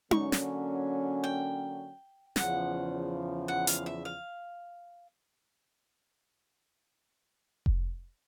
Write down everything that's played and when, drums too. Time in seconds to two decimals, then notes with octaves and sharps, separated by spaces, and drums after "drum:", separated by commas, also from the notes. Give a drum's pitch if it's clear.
0.11 D3 F#3 A#3 C#4 C#6, drum: tom D#4
0.32 drum: snare
1.24 G5
2.36 E2 C#3 F3 F#5, drum: snare
3.48 F#5
3.67 F5, drum: hi-hat
3.86 E5
4.05 F5
7.66 drum: kick F1